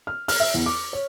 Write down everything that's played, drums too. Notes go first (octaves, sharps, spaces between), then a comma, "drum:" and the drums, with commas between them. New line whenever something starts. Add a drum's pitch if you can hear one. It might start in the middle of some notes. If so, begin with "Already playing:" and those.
F6
F6, drum: open hi-hat
E5
E2
D6
C#5